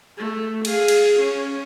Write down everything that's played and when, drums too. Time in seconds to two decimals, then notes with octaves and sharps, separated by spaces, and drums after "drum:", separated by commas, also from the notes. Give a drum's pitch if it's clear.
0.17 A3
0.65 G#4 F5, drum: cymbal
0.88 drum: cymbal
1.20 C#4